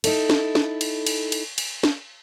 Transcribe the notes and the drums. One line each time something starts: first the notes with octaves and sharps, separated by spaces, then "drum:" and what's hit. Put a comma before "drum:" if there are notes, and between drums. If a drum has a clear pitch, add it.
D#4 E4 A4, drum: cymbal
drum: snare
drum: snare
drum: cymbal
drum: cymbal
drum: cymbal
drum: cymbal
drum: snare